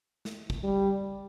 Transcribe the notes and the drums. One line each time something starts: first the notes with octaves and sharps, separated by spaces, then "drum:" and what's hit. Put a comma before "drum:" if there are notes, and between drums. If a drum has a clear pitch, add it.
drum: snare
drum: kick
G3